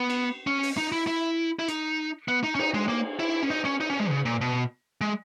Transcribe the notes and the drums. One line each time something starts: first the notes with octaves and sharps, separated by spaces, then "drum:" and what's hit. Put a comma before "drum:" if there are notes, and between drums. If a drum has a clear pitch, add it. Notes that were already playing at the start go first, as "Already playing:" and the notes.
Already playing: B3
drum: cymbal
C#4
drum: open hi-hat
D#4
E4
E4
E4
D#4, drum: hi-hat
B3
D#4
C#4
D#4, drum: cymbal
G#3
A#3
E4
C#4
D#4
C#4
D#4
C#4
G#3
C#3
A#2
B2
G#3